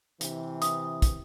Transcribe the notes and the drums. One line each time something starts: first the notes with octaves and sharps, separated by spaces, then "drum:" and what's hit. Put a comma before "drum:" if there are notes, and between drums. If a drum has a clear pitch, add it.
C3 E3, drum: hi-hat
D#6, drum: hi-hat
drum: kick, hi-hat